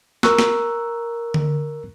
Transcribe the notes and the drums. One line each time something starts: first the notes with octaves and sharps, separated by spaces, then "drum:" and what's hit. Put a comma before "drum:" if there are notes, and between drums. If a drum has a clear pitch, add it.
A#4 A#5 C#6 E6 F#6, drum: snare
drum: snare
drum: tom D3